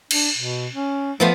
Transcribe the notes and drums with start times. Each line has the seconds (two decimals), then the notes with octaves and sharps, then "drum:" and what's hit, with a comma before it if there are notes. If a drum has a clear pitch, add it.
0.11 D4, drum: cymbal
0.37 B2
0.74 C#4
1.20 F3 A3 B3 C5